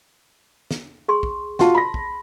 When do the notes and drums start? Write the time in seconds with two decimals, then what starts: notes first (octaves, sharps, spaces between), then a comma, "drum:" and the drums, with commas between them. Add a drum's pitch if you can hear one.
0.71 drum: snare
1.08 G#4 C6 C#6
1.23 drum: kick
1.59 F4 F#4 A5 C6, drum: snare
1.75 B5 A#6
1.94 drum: kick